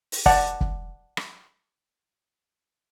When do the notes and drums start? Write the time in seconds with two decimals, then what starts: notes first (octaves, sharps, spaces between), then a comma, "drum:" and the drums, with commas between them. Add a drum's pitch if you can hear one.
0.12 drum: open hi-hat
0.26 D5 F#5 A5, drum: kick
0.61 drum: kick
1.17 drum: rim click